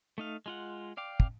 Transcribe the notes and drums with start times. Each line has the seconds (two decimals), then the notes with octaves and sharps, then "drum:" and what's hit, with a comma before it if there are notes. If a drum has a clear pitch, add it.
0.18 A3 D#4 F5
0.46 G#3 F4 F#5
0.97 D5 F5 G5 D6
1.20 drum: kick